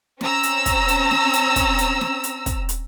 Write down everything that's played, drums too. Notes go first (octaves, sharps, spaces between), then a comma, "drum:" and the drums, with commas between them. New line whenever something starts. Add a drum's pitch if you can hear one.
C4 C#4 A#5 E6, drum: snare
drum: hi-hat
drum: kick, hi-hat
drum: hi-hat
drum: snare
drum: hi-hat
drum: kick, hi-hat
drum: hi-hat
drum: snare
drum: hi-hat
drum: kick, hi-hat
drum: hi-hat